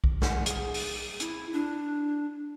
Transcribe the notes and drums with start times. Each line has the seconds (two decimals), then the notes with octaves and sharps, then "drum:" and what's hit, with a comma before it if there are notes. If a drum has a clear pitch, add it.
0.04 drum: kick B1
0.22 F#5, drum: snare
0.46 G#4, drum: hi-hat
0.74 drum: open hi-hat
1.20 E4, drum: hi-hat
1.53 D4